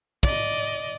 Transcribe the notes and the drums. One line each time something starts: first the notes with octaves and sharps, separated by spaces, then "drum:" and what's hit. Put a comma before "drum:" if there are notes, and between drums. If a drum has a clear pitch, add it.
D5 D#5, drum: kick